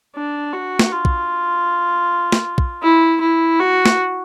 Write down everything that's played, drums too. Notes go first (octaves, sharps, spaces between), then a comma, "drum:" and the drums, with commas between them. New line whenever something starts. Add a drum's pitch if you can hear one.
D4
F#4
drum: snare
F4
drum: kick
drum: snare
drum: kick
E4
E4
F#4
drum: snare